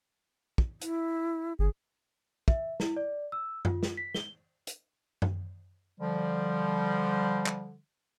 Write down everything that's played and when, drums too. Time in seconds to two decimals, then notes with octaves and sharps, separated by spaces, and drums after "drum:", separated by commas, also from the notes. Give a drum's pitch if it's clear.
0.58 drum: kick
0.81 E4, drum: hi-hat
1.59 G1 G#4
2.48 E5, drum: kick
2.80 E4, drum: snare
2.97 D5
3.32 E6
3.65 F4, drum: tom F#2
3.83 drum: snare
3.97 B6
4.15 G7, drum: snare
4.67 drum: hi-hat
5.22 drum: tom F#2
6.01 D3 F3 G3
7.46 drum: clap